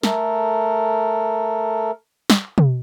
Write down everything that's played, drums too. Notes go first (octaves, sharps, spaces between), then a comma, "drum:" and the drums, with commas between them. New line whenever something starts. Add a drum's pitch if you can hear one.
A3 A4 A#4, drum: snare
drum: snare
drum: tom